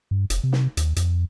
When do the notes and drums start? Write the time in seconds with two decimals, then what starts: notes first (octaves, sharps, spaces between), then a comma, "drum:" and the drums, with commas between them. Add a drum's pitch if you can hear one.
0.11 G2
0.30 F1, drum: hi-hat
0.44 C3
0.53 drum: snare
0.77 D#2, drum: hi-hat
0.96 F2, drum: hi-hat